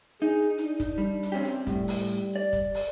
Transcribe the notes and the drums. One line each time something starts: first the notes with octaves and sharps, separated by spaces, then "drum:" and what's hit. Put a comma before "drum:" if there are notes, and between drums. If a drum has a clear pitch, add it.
D#4 G#4
D4, drum: hi-hat
drum: kick, hi-hat
G3
drum: hi-hat
C4 C#4 G4
drum: hi-hat
A2 G3, drum: kick, hi-hat
drum: open hi-hat
D5
drum: kick, hi-hat
drum: open hi-hat